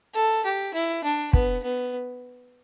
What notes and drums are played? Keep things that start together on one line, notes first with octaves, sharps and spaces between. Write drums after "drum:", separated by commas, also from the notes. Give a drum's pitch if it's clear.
A4
G4
E4
D4
B3, drum: kick
B3